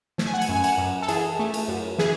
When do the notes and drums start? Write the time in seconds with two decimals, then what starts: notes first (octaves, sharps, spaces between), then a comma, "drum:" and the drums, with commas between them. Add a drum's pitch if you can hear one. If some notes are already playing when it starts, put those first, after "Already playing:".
0.18 A3, drum: snare
0.26 G#5
0.34 F#5
0.42 G#5, drum: cymbal
0.49 F#2
0.55 G#5
0.64 F#5, drum: cymbal
0.78 F#2
1.02 A4
1.08 E3 G#4, drum: cymbal
1.39 A3
1.54 drum: cymbal
1.68 F#2
1.98 E3 G#4, drum: snare